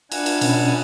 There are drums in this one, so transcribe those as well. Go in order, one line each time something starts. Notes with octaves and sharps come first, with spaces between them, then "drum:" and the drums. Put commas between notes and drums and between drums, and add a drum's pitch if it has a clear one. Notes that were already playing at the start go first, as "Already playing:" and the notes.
D4 F#5 G#5, drum: cymbal
drum: cymbal
B2 C#4, drum: cymbal